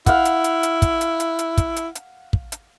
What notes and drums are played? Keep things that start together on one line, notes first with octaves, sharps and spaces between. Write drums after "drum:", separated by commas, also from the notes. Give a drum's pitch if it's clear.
E4 F5 F#5, drum: kick, hi-hat
drum: hi-hat
drum: hi-hat
drum: hi-hat
drum: kick, hi-hat
drum: hi-hat
drum: hi-hat
drum: hi-hat
drum: kick, hi-hat
drum: hi-hat
drum: hi-hat
drum: kick
drum: hi-hat